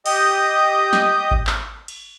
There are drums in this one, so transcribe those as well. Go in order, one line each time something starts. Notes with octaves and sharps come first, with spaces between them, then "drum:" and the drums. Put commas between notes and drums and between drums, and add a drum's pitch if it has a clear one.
G4 D#5 D#6 G6, drum: cymbal
drum: snare
drum: kick G#1
drum: clap
drum: cymbal